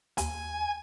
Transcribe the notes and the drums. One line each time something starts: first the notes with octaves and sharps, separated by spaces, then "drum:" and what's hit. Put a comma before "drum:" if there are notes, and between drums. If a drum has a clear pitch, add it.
D#2 G#5, drum: hi-hat